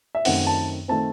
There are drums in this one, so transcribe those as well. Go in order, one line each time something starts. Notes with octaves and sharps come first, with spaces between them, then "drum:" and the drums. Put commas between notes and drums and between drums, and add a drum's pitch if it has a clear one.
E5
F#2 D#3 A3 C4 F#5, drum: open hi-hat
A5
D#3 A3 C4 A5